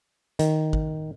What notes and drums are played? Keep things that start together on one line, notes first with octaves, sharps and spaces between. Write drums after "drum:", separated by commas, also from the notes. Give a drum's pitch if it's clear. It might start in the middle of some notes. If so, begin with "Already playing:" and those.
D#3, drum: hi-hat
drum: kick G#1